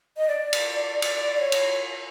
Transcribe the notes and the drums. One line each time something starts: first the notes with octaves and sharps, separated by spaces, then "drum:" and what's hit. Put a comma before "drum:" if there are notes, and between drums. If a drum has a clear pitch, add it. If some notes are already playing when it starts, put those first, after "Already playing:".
D#5
D5
drum: cymbal
D5, drum: cymbal
D5
C#5
drum: cymbal